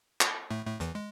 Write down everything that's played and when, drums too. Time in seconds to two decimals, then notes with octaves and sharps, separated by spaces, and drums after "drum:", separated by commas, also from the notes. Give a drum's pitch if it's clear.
0.21 drum: clap
0.51 A2 A3
0.66 A2 A3
0.80 E2 E3, drum: hi-hat
0.95 G#3